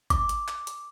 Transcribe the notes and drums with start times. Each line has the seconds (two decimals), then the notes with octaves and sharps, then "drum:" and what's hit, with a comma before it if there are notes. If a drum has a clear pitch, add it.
0.10 D6, drum: kick G#1, hi-hat
0.29 drum: hi-hat
0.48 drum: clap
0.67 drum: hi-hat